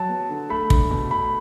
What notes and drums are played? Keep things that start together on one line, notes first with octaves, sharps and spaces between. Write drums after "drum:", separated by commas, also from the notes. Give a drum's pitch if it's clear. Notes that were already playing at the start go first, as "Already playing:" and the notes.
Already playing: F#3 A5
B3
D3
A3 B5
D4, drum: kick
B2
A3 B5